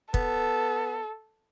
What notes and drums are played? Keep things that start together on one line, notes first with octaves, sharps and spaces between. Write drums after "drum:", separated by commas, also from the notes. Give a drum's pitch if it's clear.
B3 A4, drum: kick